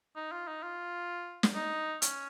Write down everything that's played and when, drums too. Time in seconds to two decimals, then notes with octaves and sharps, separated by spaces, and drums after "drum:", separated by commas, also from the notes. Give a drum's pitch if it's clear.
0.16 D#4
0.32 F4
0.47 D#4
0.63 F4
1.43 drum: snare
1.55 D#4
2.02 C#4, drum: hi-hat